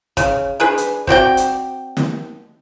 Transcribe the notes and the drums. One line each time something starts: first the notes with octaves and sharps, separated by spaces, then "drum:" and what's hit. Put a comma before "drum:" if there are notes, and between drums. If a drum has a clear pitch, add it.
C#3, drum: kick, hi-hat
D4 G#4 B4
drum: hi-hat
C4 F#4 D5 G5, drum: kick
drum: hi-hat
drum: snare